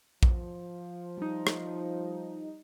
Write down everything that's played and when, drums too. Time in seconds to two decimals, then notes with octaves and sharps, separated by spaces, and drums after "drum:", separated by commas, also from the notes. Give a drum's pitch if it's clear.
0.23 F3, drum: kick A#1
1.18 G3 D#4
1.47 drum: rim click